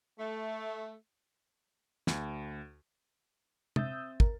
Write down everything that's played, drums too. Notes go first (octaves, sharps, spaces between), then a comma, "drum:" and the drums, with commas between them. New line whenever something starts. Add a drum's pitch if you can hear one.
A3
D2, drum: snare
C4 E5 D#6 E6 G6 A6, drum: tom
A#4, drum: kick